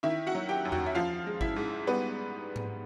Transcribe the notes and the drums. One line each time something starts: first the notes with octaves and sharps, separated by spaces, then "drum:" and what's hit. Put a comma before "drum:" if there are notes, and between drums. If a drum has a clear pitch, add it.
D#3 E4 E5
F#4 F#5
F#3
G4 G5
F#2
F#4 F#5, drum: tom E2
E5
F3 F4 F5
G#3
E4 E5, drum: kick G#1
G#2
G3 B3 B4
drum: tom G#2